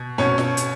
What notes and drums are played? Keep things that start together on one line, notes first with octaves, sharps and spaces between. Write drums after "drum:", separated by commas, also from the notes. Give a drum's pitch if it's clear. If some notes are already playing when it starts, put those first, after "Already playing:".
Already playing: B2
B2 C#4
drum: snare
drum: hi-hat